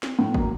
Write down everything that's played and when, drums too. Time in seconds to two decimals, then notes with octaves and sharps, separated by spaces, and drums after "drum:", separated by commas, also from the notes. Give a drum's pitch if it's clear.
0.03 drum: snare
0.19 A2
0.34 F#3 A#3, drum: kick G1